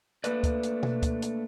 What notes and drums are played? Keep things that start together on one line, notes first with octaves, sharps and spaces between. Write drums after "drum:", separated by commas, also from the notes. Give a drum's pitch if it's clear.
A3 A#3 D4 B4 D5, drum: hi-hat
drum: kick, hi-hat
drum: hi-hat
drum: tom B2
drum: kick, hi-hat
drum: hi-hat